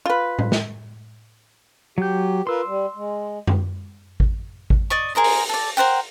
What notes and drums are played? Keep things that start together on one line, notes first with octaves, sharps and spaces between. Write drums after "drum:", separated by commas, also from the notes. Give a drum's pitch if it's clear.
F4 B4
drum: tom A2
drum: snare
F#3 G4 G6
F4 A#4 B4 C6 E6
G3
G#3
drum: tom F#2
drum: kick G#1
drum: kick G#1
D5 D#5 C#6
G#4 A#4 C5 D#5
drum: open hi-hat
A4 D5
A#4 C5 F#5 G5